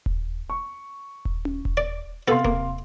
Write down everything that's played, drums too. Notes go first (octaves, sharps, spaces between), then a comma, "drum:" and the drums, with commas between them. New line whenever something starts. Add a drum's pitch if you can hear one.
drum: kick D#1
C#6
drum: kick D#1
drum: tom C#4
drum: kick D#1
D5
C3 B3 A4 F5 C6
A#3, drum: kick D#1